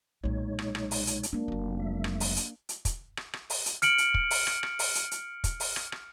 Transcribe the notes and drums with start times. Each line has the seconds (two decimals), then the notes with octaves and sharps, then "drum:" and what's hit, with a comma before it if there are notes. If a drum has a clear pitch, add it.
0.24 B1 A#2 G#3 D#4 C#5
0.59 drum: rim click
0.75 drum: rim click
0.91 drum: open hi-hat
1.07 drum: hi-hat
1.23 drum: hi-hat
1.33 G#3 A#3 D4
1.48 F1 F#3
1.80 G#3 E5
2.04 drum: rim click
2.20 drum: open hi-hat
2.36 drum: hi-hat
2.69 drum: hi-hat
2.85 drum: kick, hi-hat
3.17 drum: rim click
3.33 drum: rim click
3.50 drum: open hi-hat
3.66 drum: hi-hat
3.82 F6 C#7 D7 F#7, drum: hi-hat
3.98 drum: hi-hat
4.14 drum: kick
4.31 drum: open hi-hat
4.47 drum: rim click
4.63 drum: rim click
4.79 drum: open hi-hat
4.95 drum: hi-hat
5.11 drum: hi-hat
5.44 drum: kick, hi-hat
5.60 drum: open hi-hat
5.76 drum: rim click
5.92 drum: rim click